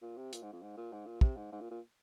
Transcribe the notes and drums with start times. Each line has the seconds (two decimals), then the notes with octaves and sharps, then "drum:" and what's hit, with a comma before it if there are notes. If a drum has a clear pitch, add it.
0.02 A#2
0.17 C3
0.33 A#2, drum: hi-hat
0.42 G#2
0.52 F2
0.62 G#2
0.77 A#2
0.92 G#2
1.06 A#2
1.21 C3, drum: kick
1.36 G#2
1.52 G#2
1.61 A#2
1.71 A#2